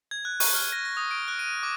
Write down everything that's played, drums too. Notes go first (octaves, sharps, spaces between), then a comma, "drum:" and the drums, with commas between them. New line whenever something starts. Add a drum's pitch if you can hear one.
G#6
F#6
C#6, drum: open hi-hat
F6
A#6
A#6
D#6
D7
F#6
D#7
D6